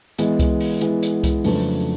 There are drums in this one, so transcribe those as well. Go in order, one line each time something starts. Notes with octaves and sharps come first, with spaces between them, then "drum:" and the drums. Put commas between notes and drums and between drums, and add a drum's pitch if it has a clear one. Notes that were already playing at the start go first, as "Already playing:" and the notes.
E3 G#3 B3, drum: hi-hat
drum: kick C2, hi-hat
drum: open hi-hat
E3 G#3 B3, drum: hi-hat
drum: hi-hat
drum: kick C2, hi-hat
F2 C#3 F#3 A3 D4 B4, drum: open hi-hat